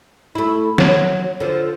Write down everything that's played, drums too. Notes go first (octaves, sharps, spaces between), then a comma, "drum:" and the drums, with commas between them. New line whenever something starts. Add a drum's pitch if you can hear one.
A3 E4
F#3, drum: snare
D3 F3